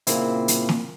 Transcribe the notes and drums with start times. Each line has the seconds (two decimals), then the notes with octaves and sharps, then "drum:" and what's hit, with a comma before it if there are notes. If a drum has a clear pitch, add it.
0.07 A#2 C#3 A#3 C4 E4, drum: hi-hat
0.48 drum: hi-hat
0.69 drum: snare